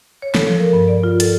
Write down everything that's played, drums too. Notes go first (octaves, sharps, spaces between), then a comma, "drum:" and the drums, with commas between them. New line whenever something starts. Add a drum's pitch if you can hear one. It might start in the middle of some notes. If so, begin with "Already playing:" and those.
C#5
A4, drum: snare
F3
A#4
G2
D5
F4
A4, drum: hi-hat